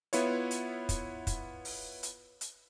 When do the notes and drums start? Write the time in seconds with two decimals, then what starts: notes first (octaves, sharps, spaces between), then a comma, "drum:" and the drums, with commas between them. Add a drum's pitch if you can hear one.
0.13 B3 E4 F4 C#5, drum: hi-hat
0.51 drum: hi-hat
0.89 drum: kick, hi-hat
1.27 drum: kick, hi-hat
1.65 drum: open hi-hat
2.03 drum: hi-hat
2.41 drum: hi-hat